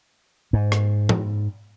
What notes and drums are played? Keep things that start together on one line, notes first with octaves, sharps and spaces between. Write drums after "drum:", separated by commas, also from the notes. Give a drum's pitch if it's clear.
G#2
drum: rim click
drum: tom G#2